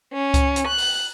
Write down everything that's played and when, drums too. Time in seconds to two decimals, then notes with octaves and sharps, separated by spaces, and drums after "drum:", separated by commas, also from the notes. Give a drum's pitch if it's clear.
0.12 C#4
0.34 drum: kick C#2, hi-hat
0.56 drum: hi-hat
0.65 F#6
0.78 drum: open hi-hat